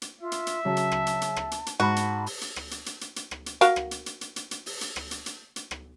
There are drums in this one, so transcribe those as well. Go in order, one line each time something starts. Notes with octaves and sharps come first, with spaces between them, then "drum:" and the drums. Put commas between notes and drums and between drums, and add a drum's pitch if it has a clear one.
drum: hi-hat
F4 E5
drum: hi-hat
drum: hi-hat
C#3 F#3 A5
drum: hi-hat
drum: rim click
drum: hi-hat
drum: hi-hat
drum: rim click
drum: hi-hat
drum: hi-hat
G#2 F#4 A5 B5
drum: hi-hat
drum: open hi-hat
drum: hi-hat
drum: rim click
drum: hi-hat
drum: hi-hat
drum: hi-hat
drum: hi-hat
drum: rim click
drum: hi-hat
F#4 A#4 F5, drum: hi-hat
drum: rim click
drum: hi-hat
drum: hi-hat
drum: hi-hat
drum: hi-hat
drum: hi-hat
drum: open hi-hat
drum: hi-hat
drum: rim click
drum: hi-hat
drum: hi-hat
drum: hi-hat
drum: rim click